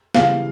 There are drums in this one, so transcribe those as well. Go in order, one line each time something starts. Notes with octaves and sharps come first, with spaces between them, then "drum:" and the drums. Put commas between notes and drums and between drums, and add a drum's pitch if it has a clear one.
F#2 C#3 E3 G3 B3 F5, drum: snare